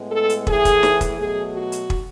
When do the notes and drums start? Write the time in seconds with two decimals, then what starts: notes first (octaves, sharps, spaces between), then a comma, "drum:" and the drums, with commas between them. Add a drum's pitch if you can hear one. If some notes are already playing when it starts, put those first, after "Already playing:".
Already playing: A2 G#3 B3
0.12 A4
0.29 drum: hi-hat
0.47 A2 E3 A3 G#4, drum: kick
0.65 drum: kick, hi-hat
0.83 drum: snare
1.01 drum: kick, hi-hat
1.18 B2 F#3 A3 G#4
1.54 F#4
1.72 drum: hi-hat
1.90 drum: kick